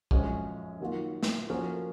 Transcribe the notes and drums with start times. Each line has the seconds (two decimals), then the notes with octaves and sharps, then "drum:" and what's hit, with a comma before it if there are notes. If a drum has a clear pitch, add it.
0.11 F#2 F3 G#3 C#4 G#4, drum: kick
0.80 D#3 F#3 A#3 F4
1.23 drum: snare
1.49 F3 A#3 C#4 F#4 A#4